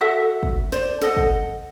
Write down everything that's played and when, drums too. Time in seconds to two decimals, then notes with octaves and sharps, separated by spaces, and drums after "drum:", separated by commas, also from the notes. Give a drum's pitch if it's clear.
0.01 F#4 A4 E5 F#5
0.43 drum: kick
0.72 C5 D5, drum: snare
1.02 A4 D#5 F#5, drum: snare
1.17 drum: kick